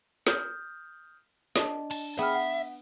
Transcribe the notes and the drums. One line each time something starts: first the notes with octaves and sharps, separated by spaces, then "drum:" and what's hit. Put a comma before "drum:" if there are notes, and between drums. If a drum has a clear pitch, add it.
D#6 F6 G6, drum: snare
D4 D#5, drum: snare
A5, drum: cymbal
B3 G#4 E5 G5 F6
F#5